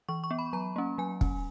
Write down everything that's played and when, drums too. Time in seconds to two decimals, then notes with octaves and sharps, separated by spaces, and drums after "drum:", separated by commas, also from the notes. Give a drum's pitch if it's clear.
0.09 E3 C#6
0.24 C#6
0.31 B3
0.39 B5
0.53 F#3 A#5
0.76 A#3 C#4
0.98 F#3 G#5
1.21 C#4, drum: kick